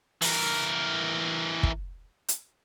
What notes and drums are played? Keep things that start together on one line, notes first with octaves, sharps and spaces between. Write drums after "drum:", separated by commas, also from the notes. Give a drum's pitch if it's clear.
E3 A#4, drum: open hi-hat
drum: kick
drum: hi-hat